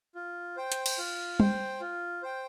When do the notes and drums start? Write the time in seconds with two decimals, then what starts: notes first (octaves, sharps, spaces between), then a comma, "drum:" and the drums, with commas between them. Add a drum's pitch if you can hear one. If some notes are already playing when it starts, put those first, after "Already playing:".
0.15 F4
0.57 C5 G5
0.72 drum: hi-hat
0.86 drum: cymbal
0.98 F4
1.40 C5 G5, drum: tom
1.81 F4
2.22 C5 G5